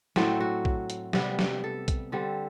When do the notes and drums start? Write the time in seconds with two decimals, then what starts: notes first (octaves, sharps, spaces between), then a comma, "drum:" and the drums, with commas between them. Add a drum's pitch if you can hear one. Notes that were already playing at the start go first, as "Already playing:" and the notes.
0.16 A2 F#3 A3 C4 A4, drum: snare
0.40 F#4
0.65 drum: kick A#1
0.90 drum: hi-hat
1.13 C3 G3 B3, drum: snare
1.39 drum: snare
1.64 A4
1.88 drum: kick A#1, hi-hat
2.12 D3 G3 C4 A4